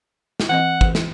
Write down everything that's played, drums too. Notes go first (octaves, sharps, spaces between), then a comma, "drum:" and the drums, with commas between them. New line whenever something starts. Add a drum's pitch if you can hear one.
drum: snare
E3 C4 D#5 F#5
E3, drum: kick
drum: snare